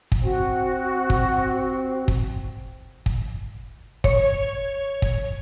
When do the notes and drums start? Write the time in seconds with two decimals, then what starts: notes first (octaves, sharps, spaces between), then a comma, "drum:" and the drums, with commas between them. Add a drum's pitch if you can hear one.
0.12 drum: kick
0.23 C4 F#4
1.10 drum: kick
2.08 drum: kick
3.06 drum: kick
4.04 C#5, drum: kick
5.02 drum: kick